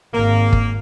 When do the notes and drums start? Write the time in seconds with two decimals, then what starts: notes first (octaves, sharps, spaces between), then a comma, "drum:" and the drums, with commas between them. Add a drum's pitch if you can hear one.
0.14 G#1 A#3
0.53 drum: kick